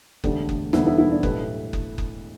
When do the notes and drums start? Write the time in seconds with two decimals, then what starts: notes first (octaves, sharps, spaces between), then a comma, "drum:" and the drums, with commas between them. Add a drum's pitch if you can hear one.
0.24 E1 D2 D3 A3 D4 G4, drum: kick F#1
0.49 drum: kick F#1
0.73 E1 D2 D3 A3 B3 E4, drum: snare
0.86 B3 E4
0.98 B3 E4
1.11 D4
1.23 B1 A2 A3 G4 B4, drum: kick F#1
1.73 drum: kick F#1
1.98 drum: kick F#1